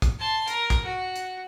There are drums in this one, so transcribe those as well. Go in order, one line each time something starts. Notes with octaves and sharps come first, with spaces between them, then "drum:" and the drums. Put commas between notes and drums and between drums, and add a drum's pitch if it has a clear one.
drum: kick, hi-hat
A5 C6
A#4, drum: hi-hat
drum: kick, hi-hat
F#4
drum: hi-hat